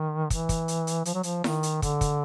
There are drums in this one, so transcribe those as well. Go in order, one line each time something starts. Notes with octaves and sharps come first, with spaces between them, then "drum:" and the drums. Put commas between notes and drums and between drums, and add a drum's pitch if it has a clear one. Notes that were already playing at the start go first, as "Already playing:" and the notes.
Already playing: D#3
E3, drum: kick, hi-hat
drum: kick, hi-hat
drum: hi-hat
drum: hi-hat
F3, drum: hi-hat
F#3
F3, drum: hi-hat
D#3, drum: snare E4
drum: hi-hat
D3, drum: kick, hi-hat
drum: kick, hi-hat